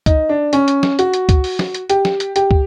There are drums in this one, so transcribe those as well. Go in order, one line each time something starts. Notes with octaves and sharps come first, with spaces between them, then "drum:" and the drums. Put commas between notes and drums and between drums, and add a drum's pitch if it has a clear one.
D#4, drum: kick, hi-hat
D4
C#4, drum: hi-hat
drum: hi-hat
drum: snare
F#4, drum: hi-hat
drum: hi-hat
drum: kick, hi-hat
drum: open hi-hat
drum: snare
drum: hi-hat
G4, drum: hi-hat
drum: snare
drum: hi-hat
G4, drum: hi-hat
drum: kick